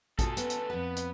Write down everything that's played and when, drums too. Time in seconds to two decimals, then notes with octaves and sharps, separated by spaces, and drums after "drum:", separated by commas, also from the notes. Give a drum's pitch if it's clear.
0.19 B2 C#4 F4 A4 D#6, drum: kick A1, hi-hat
0.37 B3 B4, drum: hi-hat
0.50 drum: hi-hat
0.70 F2 B3 A5
0.97 drum: hi-hat